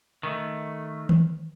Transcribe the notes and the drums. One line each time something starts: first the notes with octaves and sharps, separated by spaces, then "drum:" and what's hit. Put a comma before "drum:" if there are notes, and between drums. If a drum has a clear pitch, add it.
D#3 A3
drum: tom D#3